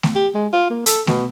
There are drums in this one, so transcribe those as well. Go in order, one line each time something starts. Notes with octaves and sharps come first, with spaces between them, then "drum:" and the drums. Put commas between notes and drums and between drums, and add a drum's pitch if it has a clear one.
drum: snare A3
G4
G#3
F4
A#3
A4, drum: hi-hat
B2, drum: snare A3